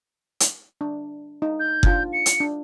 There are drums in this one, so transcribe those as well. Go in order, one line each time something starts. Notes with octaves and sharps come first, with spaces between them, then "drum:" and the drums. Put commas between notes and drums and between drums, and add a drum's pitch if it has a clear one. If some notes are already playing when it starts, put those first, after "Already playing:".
drum: hi-hat
D4
D#4
G6
D4 F4, drum: kick F#1
C#7
drum: hi-hat
D4